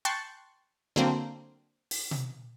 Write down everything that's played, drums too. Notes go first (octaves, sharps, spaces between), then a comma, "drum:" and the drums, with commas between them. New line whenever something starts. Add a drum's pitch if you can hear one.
G5 A5 C6 C#6 F#6 A6
D3 F#3 A#3 C4
drum: open hi-hat
drum: tom B2